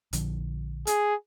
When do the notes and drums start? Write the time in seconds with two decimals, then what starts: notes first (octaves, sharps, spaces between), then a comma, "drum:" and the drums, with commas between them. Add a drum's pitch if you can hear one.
0.13 A#1 D3 F3, drum: hi-hat
0.87 G#4, drum: hi-hat